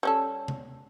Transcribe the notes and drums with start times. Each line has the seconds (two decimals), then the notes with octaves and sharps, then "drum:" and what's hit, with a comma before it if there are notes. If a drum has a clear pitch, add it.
0.03 G3 C#4 A4
0.48 drum: tom C3